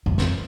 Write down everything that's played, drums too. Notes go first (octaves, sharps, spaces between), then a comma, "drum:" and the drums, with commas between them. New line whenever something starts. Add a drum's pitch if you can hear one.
F#2
F#2, drum: snare